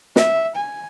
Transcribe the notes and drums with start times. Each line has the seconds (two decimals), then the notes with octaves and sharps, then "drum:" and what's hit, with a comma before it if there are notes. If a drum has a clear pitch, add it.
0.16 E5, drum: snare
0.56 G#5